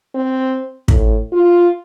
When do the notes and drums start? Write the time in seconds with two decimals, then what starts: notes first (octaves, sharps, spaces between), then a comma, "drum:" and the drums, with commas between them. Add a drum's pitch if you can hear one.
0.15 C4
0.88 A2, drum: kick
1.33 F4